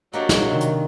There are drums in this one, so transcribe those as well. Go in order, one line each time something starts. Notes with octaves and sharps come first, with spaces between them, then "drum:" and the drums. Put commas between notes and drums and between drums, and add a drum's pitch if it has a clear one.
F#3 A#3 D4 G4 D#5
drum: snare
C3 D#3
drum: hi-hat